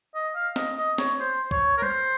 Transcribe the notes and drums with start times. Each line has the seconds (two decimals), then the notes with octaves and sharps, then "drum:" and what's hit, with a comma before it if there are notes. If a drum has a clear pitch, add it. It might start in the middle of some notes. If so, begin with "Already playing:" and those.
0.15 D#5
0.35 F5
0.56 D#5, drum: snare
0.78 D#5
0.98 C#5, drum: snare
1.19 C5
1.51 C#5, drum: kick
1.77 A#4
1.82 C5, drum: tom G3